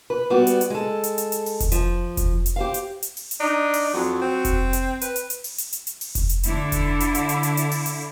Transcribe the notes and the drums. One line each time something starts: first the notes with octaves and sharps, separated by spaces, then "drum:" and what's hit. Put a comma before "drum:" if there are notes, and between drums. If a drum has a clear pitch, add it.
B4
G3 B3 F#4
drum: hi-hat
drum: hi-hat
G#3 A4
drum: hi-hat
drum: hi-hat
drum: hi-hat
drum: open hi-hat
drum: kick F1, hi-hat
F3, drum: hi-hat
drum: kick F1, hi-hat
drum: hi-hat
G4 C5 F5
drum: hi-hat
drum: hi-hat
drum: open hi-hat
drum: hi-hat
D4 D#4
drum: open hi-hat
F2 F#3
C4
drum: kick F1, hi-hat
drum: hi-hat
B4, drum: hi-hat
drum: hi-hat
drum: hi-hat
drum: open hi-hat
drum: hi-hat
drum: hi-hat
drum: hi-hat
drum: open hi-hat
drum: kick F1, hi-hat
drum: hi-hat
D3 E4, drum: hi-hat
drum: kick F1, hi-hat
drum: hi-hat
drum: hi-hat
drum: hi-hat
drum: hi-hat
drum: hi-hat
drum: open hi-hat
drum: hi-hat